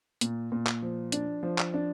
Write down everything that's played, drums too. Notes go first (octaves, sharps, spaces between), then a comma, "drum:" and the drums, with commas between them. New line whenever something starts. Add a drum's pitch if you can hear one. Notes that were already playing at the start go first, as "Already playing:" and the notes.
A#2, drum: hi-hat
A#2
drum: clap
F3
D4, drum: hi-hat
F3
drum: clap
D4